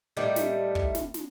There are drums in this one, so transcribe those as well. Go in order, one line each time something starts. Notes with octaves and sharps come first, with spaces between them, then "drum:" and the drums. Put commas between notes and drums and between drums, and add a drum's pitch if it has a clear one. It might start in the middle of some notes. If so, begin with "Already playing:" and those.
A2 D#3 G3 A3
drum: snare
drum: kick
drum: snare
drum: snare